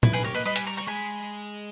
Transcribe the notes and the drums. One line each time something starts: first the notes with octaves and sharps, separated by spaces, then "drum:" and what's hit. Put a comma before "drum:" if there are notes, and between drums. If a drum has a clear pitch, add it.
E4 B4, drum: tom
G#4 A#4 B4
G4 A#4 C#5
A#3 B4 D#5
G3 B4 D#5
G#5 B5, drum: hi-hat
A#5 C#6
G3 A#5 C#6
G#3 G#5 B5